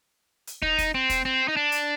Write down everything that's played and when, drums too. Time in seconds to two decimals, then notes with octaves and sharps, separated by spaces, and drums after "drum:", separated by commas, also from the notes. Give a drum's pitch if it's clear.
0.47 drum: hi-hat
0.62 D#4, drum: kick
0.78 drum: kick, hi-hat
0.95 C4
1.10 drum: kick, hi-hat
1.25 C4
1.48 D#4
1.57 D4
1.72 drum: hi-hat